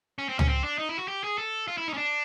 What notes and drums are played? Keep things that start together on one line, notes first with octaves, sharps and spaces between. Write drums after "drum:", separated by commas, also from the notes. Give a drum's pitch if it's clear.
C#4
C4
C#4, drum: tom C#2
C4
D4
D#4
E4
F#4
G4
G#4
A4
F4
E4
D#4
C#4
D4